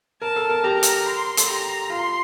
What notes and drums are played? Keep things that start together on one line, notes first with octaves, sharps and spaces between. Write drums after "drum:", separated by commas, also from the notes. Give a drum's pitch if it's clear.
A#4 A5
A4
A#4
G4 A#5
drum: hi-hat
C6
A4, drum: hi-hat
G4 A#5
F4 C6